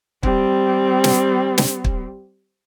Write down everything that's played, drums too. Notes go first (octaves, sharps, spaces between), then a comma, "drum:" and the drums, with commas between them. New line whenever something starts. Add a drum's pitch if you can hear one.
G3 C4, drum: kick
drum: snare
drum: snare
drum: kick